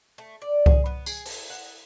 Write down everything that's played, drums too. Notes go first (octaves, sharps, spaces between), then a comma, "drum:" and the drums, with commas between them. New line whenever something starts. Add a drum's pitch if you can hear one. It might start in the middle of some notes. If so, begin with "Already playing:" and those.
A3
D5
G#4, drum: kick C2
B3
G#4, drum: tambourine
A4, drum: open hi-hat
F#5